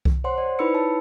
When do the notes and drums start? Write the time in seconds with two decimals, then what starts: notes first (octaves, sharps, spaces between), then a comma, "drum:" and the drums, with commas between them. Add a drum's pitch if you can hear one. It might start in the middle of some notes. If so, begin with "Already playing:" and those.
0.05 drum: kick C2
0.24 C5 C#5 F#5 C6
0.38 C5 D5
0.59 D#4 E4 B4 B5 E6 C#7
0.75 C#5 A5